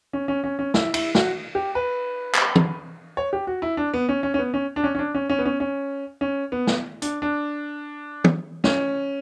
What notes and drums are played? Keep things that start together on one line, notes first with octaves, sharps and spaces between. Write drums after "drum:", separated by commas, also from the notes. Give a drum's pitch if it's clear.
C#4
C#4
C#4
C#4
E4, drum: snare
E4, drum: cymbal
F#4, drum: snare
G4
B4
drum: clap
drum: tom E3
C#5
G4
F#4
E4
D4
B3
C#4
C#4
C#4
B3
C#4
D4
C#4
C#4
D4
C#4
C#4
B3
C#4
C#4
C#4
B3
drum: snare
D4, drum: hi-hat
D4
drum: tom E3
C#4, drum: snare